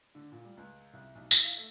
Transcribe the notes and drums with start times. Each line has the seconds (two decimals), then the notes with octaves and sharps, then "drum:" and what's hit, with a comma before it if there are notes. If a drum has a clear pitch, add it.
0.15 D3
0.32 A#2
0.45 G3
0.57 C#2
0.94 C2
1.15 B1
1.31 E4, drum: tambourine
1.45 F5
1.57 A3